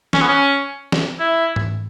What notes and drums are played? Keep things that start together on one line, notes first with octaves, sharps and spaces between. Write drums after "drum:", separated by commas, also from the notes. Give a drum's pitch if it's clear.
C#4, drum: snare
B3
C#4
drum: snare
E4
drum: tom G#2